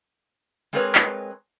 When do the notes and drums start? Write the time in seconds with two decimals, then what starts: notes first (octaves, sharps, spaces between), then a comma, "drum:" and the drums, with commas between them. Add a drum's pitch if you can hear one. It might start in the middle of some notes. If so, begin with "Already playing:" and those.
0.73 G#3 C4 G#4 A#4 B4 C#5
0.95 drum: clap